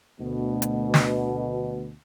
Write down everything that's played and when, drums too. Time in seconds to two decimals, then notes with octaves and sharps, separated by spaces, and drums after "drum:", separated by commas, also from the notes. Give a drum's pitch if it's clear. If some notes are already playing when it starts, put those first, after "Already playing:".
0.19 D2 B2
0.62 drum: hi-hat
0.94 drum: snare